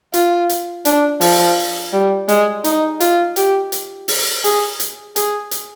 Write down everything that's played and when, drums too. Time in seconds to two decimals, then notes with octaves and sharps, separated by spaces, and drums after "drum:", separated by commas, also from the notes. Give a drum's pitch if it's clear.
0.13 F4, drum: hi-hat
0.49 drum: hi-hat
0.85 D4, drum: hi-hat
1.21 F3, drum: open hi-hat
1.93 G3
2.28 G#3, drum: hi-hat
2.64 D#4, drum: hi-hat
3.00 F4, drum: hi-hat
3.36 G4, drum: hi-hat
3.72 drum: hi-hat
4.08 drum: open hi-hat
4.44 G#4, drum: hi-hat
4.80 drum: hi-hat
5.16 G#4, drum: hi-hat
5.51 drum: hi-hat